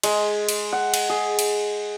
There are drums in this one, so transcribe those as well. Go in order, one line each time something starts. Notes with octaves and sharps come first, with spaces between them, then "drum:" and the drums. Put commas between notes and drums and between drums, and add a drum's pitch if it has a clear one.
G#3, drum: cymbal
drum: cymbal
F#5
drum: cymbal
G#4
drum: cymbal